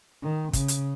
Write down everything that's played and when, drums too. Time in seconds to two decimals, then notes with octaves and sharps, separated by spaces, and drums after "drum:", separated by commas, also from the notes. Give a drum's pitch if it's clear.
0.22 D#3
0.53 C#3, drum: kick, hi-hat
0.68 drum: hi-hat